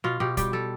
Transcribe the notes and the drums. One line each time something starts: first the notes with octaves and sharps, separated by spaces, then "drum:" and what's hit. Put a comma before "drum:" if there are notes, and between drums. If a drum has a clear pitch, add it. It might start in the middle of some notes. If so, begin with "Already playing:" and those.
B2 F4
B2 G4
G3 G4, drum: kick, hi-hat
G3 A4